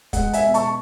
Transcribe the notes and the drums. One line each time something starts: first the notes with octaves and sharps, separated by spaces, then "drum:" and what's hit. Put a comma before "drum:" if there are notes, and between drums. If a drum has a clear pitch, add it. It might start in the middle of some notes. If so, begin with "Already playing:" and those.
G#3 F#5, drum: kick, hi-hat
E5 G#5, drum: hi-hat
B2
A5 C#6, drum: hi-hat